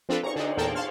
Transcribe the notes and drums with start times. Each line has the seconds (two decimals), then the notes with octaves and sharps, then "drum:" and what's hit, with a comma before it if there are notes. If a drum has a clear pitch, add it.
0.09 F3 C4 D4 F4 A4 B4
0.23 A#5 C#6, drum: cymbal
0.36 D3 D4 D#4
0.57 E2 A#2 A4 A#4 G5 A5
0.75 F5 A5 C6 F6